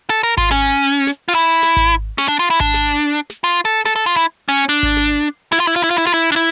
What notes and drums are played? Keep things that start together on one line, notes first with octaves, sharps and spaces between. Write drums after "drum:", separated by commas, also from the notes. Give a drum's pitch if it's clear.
A4
A#4
F4, drum: kick G#1
C#4, drum: snare
drum: snare
F4
E4
drum: snare
drum: kick G#1
C#4, drum: snare
D4
F4
E4
D4, drum: kick G#1
drum: snare
drum: snare
F4
A4
A4, drum: snare
A4
F4
E4
C#4
D4
drum: kick G#1
drum: snare
E4, drum: snare
F4
E4
F4
E4
F4
E4
F4, drum: snare
E4
D4
E4